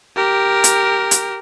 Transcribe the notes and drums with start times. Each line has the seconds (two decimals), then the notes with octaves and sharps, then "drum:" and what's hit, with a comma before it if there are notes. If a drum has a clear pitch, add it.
0.16 G4 A#4
0.64 drum: hi-hat
1.11 drum: hi-hat